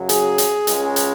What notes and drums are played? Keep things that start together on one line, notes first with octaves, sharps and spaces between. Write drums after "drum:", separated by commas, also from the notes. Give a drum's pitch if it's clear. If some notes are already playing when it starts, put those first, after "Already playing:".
Already playing: F#2 C#3 F#3
G#4, drum: hi-hat
drum: hi-hat
C#2 C#3 G#3, drum: hi-hat
drum: hi-hat